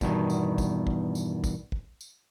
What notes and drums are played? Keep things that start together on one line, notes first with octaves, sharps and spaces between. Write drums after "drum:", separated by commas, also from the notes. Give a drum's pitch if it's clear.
E2 G2 B2 D#3, drum: kick, tambourine
drum: tambourine
drum: kick, tambourine
drum: kick
drum: tambourine
drum: kick, tambourine
drum: kick
drum: tambourine